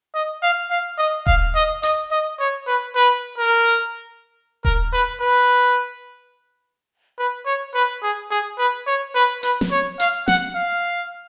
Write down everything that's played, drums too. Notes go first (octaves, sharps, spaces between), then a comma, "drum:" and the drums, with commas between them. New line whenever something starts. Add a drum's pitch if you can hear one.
D#5
F5
F5
D#5
F5, drum: kick D#1
D#5
D#5, drum: hi-hat
D#5
C#5
B4
B4
A#4
A#4, drum: kick D#1
B4
B4
B4
C#5
B4
G#4
G#4
B4
C#5
B4
B4, drum: hi-hat
drum: snare
C#5
F5, drum: hi-hat
F#5, drum: snare
F5